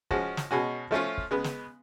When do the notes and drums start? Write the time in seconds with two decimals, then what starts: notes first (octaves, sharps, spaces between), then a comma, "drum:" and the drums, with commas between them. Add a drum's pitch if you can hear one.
0.11 F3 G#3 C#4 F#4, drum: kick
0.37 drum: snare
0.51 B2 G#3 C#4 F#4
0.91 F3 A3 C#4 F4
1.18 drum: kick
1.31 C#3 G#3 B3
1.44 drum: snare